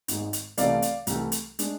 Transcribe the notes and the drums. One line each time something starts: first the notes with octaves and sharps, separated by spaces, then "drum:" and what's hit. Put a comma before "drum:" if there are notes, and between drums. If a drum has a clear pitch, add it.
G#1 G#2 G#3, drum: hi-hat
drum: hi-hat
C2 C3 E3 A3 D5 F5, drum: hi-hat
drum: hi-hat
C2 C3 E3 A3, drum: hi-hat
drum: hi-hat
G#3 D4, drum: hi-hat